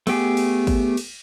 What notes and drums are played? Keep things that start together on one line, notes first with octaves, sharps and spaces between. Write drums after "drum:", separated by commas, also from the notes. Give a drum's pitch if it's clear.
A3 B3 G4 G#4, drum: cymbal
drum: cymbal
drum: kick, cymbal
drum: cymbal